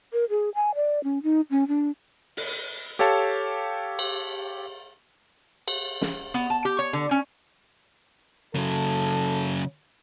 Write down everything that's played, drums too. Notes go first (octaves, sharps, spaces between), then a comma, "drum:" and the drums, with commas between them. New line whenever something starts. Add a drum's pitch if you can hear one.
A#4
G#4
G#5
D5
C#4
D#4
C#4
D4
drum: open hi-hat
G4 A4 C#5 F5 A5
drum: cymbal
drum: cymbal
drum: snare
B3
A5
G4
C#5
D3
C#4
C#3 F#3 A4